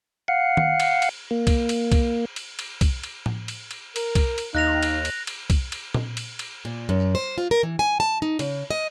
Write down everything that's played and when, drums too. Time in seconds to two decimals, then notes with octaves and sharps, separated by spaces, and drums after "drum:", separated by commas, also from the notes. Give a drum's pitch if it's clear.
0.28 F5 F#5
0.57 drum: tom D#3
0.80 drum: cymbal
1.02 drum: cymbal
1.31 A#3
1.47 drum: kick B1, cymbal
1.69 drum: cymbal
1.92 drum: kick B1, cymbal
2.36 drum: cymbal
2.59 drum: cymbal
2.81 drum: kick B1, cymbal
3.03 drum: cymbal
3.26 drum: tom A2
3.48 drum: cymbal
3.71 drum: cymbal
3.96 A#4, drum: cymbal
4.15 drum: kick B1, cymbal
4.38 drum: cymbal
4.55 D#2 D#4 F5 F#6 A#6 F7
4.83 drum: cymbal
5.05 drum: cymbal
5.27 drum: cymbal
5.50 drum: kick B1, cymbal
5.72 drum: cymbal
5.94 drum: tom A#2
6.17 drum: cymbal
6.39 drum: cymbal
6.65 A#2
6.89 F#2
7.15 C5
7.38 F4
7.51 A#4
7.63 E3
7.79 G#5
8.00 A5
8.22 D#4
8.39 C#3, drum: cymbal
8.71 D#5